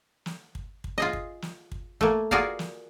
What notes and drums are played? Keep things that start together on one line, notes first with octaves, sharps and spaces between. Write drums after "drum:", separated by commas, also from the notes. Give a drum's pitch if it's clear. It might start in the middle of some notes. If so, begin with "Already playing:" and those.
drum: snare
drum: kick
drum: kick
F4 G#4 D#5
drum: kick
drum: snare
drum: kick
A3 A#3, drum: kick
F4 F#4 G#4 A#4 D5 F5, drum: kick
drum: snare